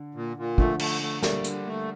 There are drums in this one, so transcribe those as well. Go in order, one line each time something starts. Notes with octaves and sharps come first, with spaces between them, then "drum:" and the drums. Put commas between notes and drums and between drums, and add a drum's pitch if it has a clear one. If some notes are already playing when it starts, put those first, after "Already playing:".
Already playing: D3
A#2
A#2
D3 F3 A3, drum: kick
A3, drum: cymbal
A3
G3 A3 A#3, drum: snare
D3, drum: hi-hat
A3